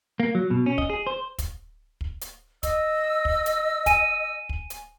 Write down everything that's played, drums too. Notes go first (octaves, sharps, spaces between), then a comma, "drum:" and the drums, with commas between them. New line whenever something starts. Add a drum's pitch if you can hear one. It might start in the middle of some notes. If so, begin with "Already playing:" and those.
A#3
F#3
B2
C#4
D#5, drum: kick
G#4
C5
drum: kick, hi-hat
drum: kick
drum: hi-hat
D#5 E6, drum: kick, hi-hat
drum: kick
drum: hi-hat
G#5 D#7, drum: kick, hi-hat
drum: kick
drum: hi-hat